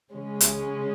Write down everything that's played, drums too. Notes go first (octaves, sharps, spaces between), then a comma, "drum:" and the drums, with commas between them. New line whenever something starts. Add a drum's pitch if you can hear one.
C#3 G#3 C#4
drum: hi-hat